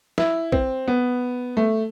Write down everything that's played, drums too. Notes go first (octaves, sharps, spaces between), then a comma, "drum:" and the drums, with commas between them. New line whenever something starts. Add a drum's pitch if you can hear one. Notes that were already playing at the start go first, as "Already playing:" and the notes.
E4, drum: snare
C4, drum: kick
B3
A3